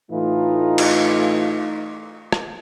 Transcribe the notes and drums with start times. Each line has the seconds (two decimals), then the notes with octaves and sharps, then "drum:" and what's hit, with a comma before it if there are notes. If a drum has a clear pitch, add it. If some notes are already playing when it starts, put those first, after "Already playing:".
0.11 A2 E3 A3 D#4 F4
0.78 drum: cymbal
2.32 drum: rim click